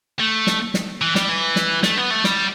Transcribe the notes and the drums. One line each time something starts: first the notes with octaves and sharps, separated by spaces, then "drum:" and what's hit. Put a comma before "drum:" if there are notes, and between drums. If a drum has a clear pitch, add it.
A3
drum: snare
drum: snare
E3
G3, drum: snare
E3
drum: snare
A3, drum: snare
B3
A3
G3, drum: snare